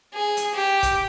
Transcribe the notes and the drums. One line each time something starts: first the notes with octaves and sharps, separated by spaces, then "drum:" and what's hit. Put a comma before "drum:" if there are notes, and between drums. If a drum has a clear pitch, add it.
G#4
drum: hi-hat
G4
drum: kick, hi-hat